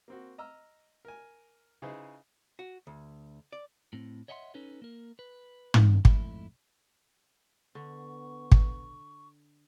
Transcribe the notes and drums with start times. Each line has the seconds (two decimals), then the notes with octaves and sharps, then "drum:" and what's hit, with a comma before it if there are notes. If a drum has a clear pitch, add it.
0.08 A#3 C4 F#4
0.38 D#5 A#5 E6 F6
1.05 A#4 G#5
1.82 C#3 D#4 E4 G#4 B4 C5
2.59 F#4
2.87 D2
3.53 D5
3.93 A2 C4
4.28 C#5 D#5 E5 F#5 G#5 C6
4.54 C#4 D#4 A4 B4 C#5
4.82 A#3 A#4
5.19 B4
5.74 drum: tom
6.05 F2 G#2 A3 E4, drum: kick
7.75 D3 B3 C#6
8.52 drum: kick